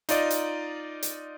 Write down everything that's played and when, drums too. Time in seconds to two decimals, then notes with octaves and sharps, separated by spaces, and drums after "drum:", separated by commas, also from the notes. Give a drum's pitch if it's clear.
0.09 D#4 F4 D5 D#5, drum: hi-hat
0.30 drum: hi-hat
1.03 drum: hi-hat